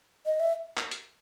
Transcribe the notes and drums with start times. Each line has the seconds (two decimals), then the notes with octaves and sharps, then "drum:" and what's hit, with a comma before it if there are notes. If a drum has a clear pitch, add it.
0.26 D#5
0.40 E5
0.77 drum: clap
0.91 drum: hi-hat